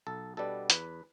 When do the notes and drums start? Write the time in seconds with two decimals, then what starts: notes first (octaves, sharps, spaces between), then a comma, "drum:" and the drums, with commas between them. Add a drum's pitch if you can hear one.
0.07 B1 A4
0.37 B2 G3 B3 D4 A4
0.70 E2 B4, drum: hi-hat